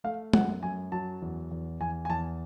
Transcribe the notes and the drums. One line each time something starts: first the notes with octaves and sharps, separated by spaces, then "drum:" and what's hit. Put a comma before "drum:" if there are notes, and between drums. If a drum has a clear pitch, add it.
A3 F5
F#2 F#5, drum: tom
F#2 G#5
F#3 A5
E2
E2
E2 G#5
G#5
E2 A5